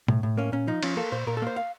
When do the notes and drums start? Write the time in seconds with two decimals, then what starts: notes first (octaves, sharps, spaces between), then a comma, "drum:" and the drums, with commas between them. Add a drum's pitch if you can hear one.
0.08 A2, drum: tom B2
0.23 A2
0.37 A#3 C#4
0.52 A#2 C#4
0.67 F3 D#4
0.83 F3 C#4, drum: cymbal
0.97 A#3 A4
1.12 A#2 C5
1.27 A#2 A#4
1.37 A4
1.42 A#3 C5
1.56 F5